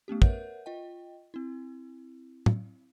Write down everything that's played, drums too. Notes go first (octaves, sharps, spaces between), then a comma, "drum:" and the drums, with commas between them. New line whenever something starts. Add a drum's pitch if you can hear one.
A3 B3 C#4 G4
A#4 B4 C#5 E5 F#5 G6, drum: kick
F4 D#5 G5
C4 E4
drum: tom